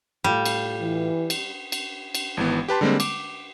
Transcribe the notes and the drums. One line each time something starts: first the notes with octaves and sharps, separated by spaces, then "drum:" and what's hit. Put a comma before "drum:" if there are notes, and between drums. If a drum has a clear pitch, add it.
A2 G3 F4
drum: cymbal
E3
drum: cymbal
drum: cymbal
drum: cymbal
G#1 E3 B3
G4 B4 A5 C6
D3 G3 G#3 A#3 C4
D6, drum: cymbal